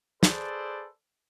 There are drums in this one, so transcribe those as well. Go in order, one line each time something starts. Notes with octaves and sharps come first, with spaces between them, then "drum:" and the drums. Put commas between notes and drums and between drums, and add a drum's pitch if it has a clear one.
G#4 A4 B4 C5 D5, drum: snare